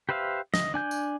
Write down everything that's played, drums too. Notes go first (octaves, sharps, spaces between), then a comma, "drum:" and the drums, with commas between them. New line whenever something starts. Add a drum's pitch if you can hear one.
G4 B4 C5 E5 F5
D#5, drum: snare
D4 G#5 G6
drum: tambourine